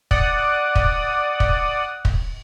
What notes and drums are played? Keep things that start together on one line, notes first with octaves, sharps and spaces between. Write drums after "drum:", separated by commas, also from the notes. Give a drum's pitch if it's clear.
D5 F#5 D#6, drum: kick
drum: kick
drum: kick
drum: kick